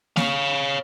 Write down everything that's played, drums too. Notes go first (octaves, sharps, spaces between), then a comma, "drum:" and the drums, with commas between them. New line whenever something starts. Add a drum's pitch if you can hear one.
C#5 F5, drum: snare A#3